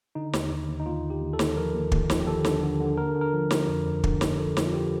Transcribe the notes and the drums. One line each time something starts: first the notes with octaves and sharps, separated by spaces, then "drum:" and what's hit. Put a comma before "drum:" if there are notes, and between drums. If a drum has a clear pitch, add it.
D3 D#4
D#2, drum: snare
D#2
D#2
D#4
D#2 F4
D3
G4
D#2
A4
D#2, drum: snare
F3 A#4
D#2
D#2, drum: kick
F3, drum: snare
G4
D#2 A4
D3, drum: snare
D3
D3
D3 A#4
D3
A#4
F3
F3, drum: snare
F2
F2
D3, drum: kick
D3, drum: snare
F3 A4
F3, drum: snare
F4
F3 G4